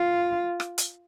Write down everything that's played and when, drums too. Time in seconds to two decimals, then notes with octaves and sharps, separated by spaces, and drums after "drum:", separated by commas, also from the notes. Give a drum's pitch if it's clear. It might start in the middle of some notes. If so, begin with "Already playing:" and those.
Already playing: F4
0.60 drum: rim click
0.78 drum: hi-hat